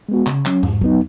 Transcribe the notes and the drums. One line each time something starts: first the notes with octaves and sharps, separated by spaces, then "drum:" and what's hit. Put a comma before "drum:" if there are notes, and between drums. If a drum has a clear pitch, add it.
G#3 B3 F#4
C#3, drum: clap
F#3 C#4, drum: clap
G#2, drum: tom E2
F#3 B3 D#4, drum: kick